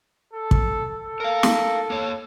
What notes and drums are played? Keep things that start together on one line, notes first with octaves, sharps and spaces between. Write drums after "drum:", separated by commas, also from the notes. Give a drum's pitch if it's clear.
A4
drum: kick
A4
A#4 F5
drum: snare
A#3 C#5